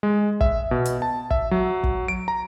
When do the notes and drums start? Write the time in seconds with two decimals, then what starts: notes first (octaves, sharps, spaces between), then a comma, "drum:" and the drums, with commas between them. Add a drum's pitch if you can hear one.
0.03 G#3
0.41 E5, drum: kick
0.71 B2
0.85 drum: hi-hat
1.02 A5
1.31 E5, drum: kick
1.51 F#3
1.84 drum: kick
2.08 D7
2.28 A#5